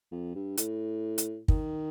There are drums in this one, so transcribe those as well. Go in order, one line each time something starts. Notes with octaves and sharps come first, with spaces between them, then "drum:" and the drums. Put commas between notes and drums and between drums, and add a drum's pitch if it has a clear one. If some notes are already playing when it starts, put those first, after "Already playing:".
F2
G2
A2, drum: hi-hat
drum: hi-hat
D#3, drum: kick